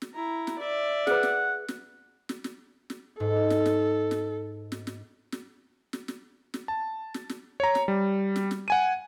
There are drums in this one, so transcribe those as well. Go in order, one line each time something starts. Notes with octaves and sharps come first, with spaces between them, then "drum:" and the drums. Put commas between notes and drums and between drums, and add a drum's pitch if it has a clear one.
drum: snare
E4 A#5
drum: snare
D5 E5
G#4 B4 F#5, drum: snare
drum: snare
drum: snare
drum: snare
drum: snare
drum: snare
G#2 A4
drum: snare
drum: snare
drum: snare
drum: snare
drum: snare
drum: snare
drum: snare
drum: snare
drum: snare
A5
drum: snare
drum: snare
C#5 A#5
drum: snare
G3
drum: snare
drum: snare
F#5 G#5 D#7